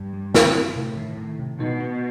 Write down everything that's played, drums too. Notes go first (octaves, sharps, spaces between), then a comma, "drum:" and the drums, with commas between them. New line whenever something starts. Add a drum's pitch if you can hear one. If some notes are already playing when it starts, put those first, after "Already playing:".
Already playing: G2
G3
C4, drum: snare
E4
A2 C3
D#3
D#3
C3
B2 D#4
B3